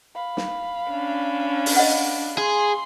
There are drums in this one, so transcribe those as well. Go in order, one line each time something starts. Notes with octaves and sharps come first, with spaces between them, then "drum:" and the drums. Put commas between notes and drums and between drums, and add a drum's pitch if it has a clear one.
F5 B5
drum: snare
C#4 D4
drum: open hi-hat
D#5 F#5
G#4 C6